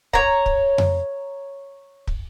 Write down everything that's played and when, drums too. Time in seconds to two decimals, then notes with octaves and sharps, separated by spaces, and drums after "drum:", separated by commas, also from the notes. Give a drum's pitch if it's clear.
0.13 C#5 A#5, drum: kick
0.46 drum: kick
0.78 drum: tom F2
2.07 drum: kick